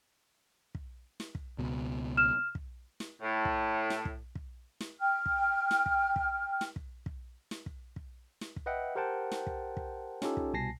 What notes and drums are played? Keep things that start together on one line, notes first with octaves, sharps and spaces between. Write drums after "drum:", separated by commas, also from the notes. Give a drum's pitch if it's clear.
drum: kick
drum: snare
drum: kick
C#2 B2
F6 E7
drum: kick
drum: snare
A2
drum: kick
drum: snare
drum: kick
drum: kick
drum: snare
G5 F6
drum: kick
drum: snare
drum: kick
drum: kick
drum: snare
drum: kick
drum: kick
drum: snare
drum: kick
drum: kick
drum: snare
drum: kick
B4 D#5 E5 F#5 G5
G4 A#4 C5 F#5 G5 A5
drum: snare
drum: kick
drum: kick
C#4 D#4 F4 G4 A4, drum: snare
drum: kick
C2 B2 G#5 A5 A#6 C7